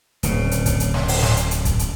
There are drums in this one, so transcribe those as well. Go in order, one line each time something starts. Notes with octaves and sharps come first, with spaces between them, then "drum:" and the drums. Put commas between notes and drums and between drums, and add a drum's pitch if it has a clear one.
D1 C#3, drum: hi-hat
drum: hi-hat
drum: kick, hi-hat
drum: hi-hat
drum: snare
drum: open hi-hat
drum: snare
drum: hi-hat
drum: hi-hat
drum: kick, hi-hat
drum: hi-hat